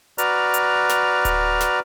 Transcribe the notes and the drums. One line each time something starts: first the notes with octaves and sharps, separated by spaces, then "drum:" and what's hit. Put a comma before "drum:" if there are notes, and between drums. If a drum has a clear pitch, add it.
F#4 B4 D5 A#5 F6, drum: hi-hat
drum: hi-hat
drum: snare
drum: kick D1, hi-hat
drum: snare